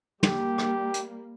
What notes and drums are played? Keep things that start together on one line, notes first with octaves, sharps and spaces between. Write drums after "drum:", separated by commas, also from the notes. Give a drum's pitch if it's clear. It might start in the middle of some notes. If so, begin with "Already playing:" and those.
G3 A#3 G4, drum: tom
drum: rim click
drum: hi-hat